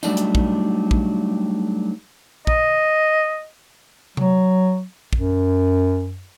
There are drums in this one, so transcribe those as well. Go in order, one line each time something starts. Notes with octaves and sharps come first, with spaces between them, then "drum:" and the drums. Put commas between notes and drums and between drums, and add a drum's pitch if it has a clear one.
F#3 G3 A3 D4 D#4, drum: tambourine
drum: hi-hat
drum: kick
drum: kick
D#5, drum: kick
F#3, drum: tom C3
F#2, drum: kick